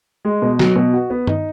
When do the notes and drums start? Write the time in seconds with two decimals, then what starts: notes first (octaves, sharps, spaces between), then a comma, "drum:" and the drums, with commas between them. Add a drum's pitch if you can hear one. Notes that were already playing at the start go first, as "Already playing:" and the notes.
0.25 G#3
0.42 B2
0.59 F#3, drum: snare
0.76 B2
0.93 F#4
1.10 B3
1.27 D#4, drum: tom G2